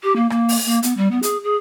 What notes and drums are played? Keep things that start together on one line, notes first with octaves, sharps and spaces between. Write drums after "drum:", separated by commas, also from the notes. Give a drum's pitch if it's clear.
G4
A#3
A#3, drum: rim click
drum: open hi-hat
A#3
B3, drum: hi-hat
G3
B3
G#4, drum: hi-hat
G#4